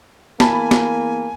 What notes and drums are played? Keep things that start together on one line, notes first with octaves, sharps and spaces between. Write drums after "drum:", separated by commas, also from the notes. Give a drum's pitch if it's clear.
E2 A#3 G#5 A5 B5, drum: snare
drum: snare